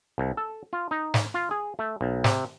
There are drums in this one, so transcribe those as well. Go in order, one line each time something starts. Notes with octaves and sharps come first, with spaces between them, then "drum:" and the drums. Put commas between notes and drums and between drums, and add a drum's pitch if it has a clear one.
C2
A4
F4
D#4
drum: snare
F4
G#4
A3
B1
C3, drum: snare